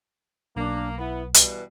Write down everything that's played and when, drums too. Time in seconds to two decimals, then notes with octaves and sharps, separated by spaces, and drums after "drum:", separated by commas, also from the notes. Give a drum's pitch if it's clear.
0.56 B1 A#3 D4
0.98 B3 E4
1.34 B2 E3 G3 B4, drum: hi-hat